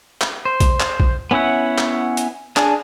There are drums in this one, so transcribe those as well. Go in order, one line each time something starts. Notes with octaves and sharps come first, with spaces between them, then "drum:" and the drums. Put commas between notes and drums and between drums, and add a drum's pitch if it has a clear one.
drum: clap
C5
drum: kick A#1, hi-hat
drum: clap
drum: kick A#1
B3 C#4 E4 E5 F#5
drum: clap
drum: hi-hat
D4 G#4, drum: clap